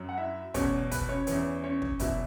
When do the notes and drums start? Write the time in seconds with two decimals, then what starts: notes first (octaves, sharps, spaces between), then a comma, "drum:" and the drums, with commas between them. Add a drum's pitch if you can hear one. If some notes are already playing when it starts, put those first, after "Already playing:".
Already playing: F#2 F#3
0.09 F#5
0.17 E4 E5
0.54 E2 B2 F#3 C#4 C#5, drum: kick, hi-hat
0.91 B4, drum: kick, hi-hat
1.09 C#4 C#5
1.27 E2 E3 C#4 C#5, drum: hi-hat
1.64 C#4 C#5
1.82 drum: kick
1.99 E2 B2 F#3 E4 E5, drum: kick, hi-hat